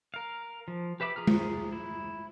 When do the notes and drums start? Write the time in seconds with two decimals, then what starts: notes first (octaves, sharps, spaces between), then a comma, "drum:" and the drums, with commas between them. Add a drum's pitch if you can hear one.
0.14 A#4 F5
0.68 F3
1.00 G4 B4 E5 B5 D6
1.16 F4 G#4 A#5 F6
1.27 drum: tom G#3
1.72 E4